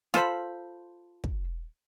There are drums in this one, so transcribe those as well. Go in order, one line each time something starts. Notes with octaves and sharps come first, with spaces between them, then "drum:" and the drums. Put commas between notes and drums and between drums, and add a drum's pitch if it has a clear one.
F4 A4 C5 B5, drum: snare
drum: kick